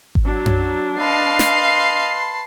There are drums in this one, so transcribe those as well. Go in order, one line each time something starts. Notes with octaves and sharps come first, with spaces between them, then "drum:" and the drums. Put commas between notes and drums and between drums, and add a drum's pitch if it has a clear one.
drum: kick G#1
F#3 D4
drum: tom F#2
B4 D#5 F5 A5 C6 C7
drum: snare